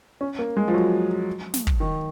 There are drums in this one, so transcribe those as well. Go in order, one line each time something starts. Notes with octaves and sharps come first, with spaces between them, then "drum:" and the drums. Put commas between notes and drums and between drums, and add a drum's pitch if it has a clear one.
C#4
A#3
G#3
F3
F#3
drum: snare
drum: kick
D#3